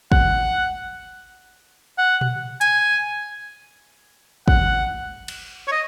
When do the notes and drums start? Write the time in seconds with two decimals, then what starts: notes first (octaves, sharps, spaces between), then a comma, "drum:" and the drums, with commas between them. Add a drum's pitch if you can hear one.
0.12 F#5, drum: kick
1.98 F#5
2.21 drum: tom A#2
2.61 G#5, drum: hi-hat
4.48 F#5, drum: kick
5.28 drum: cymbal
5.68 C#5
5.72 D#5